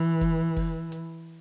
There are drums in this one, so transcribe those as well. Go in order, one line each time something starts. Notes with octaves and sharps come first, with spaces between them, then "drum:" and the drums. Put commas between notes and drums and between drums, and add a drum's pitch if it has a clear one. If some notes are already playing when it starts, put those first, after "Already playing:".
Already playing: E3
drum: kick F1, hi-hat
drum: kick F1, open hi-hat
drum: hi-hat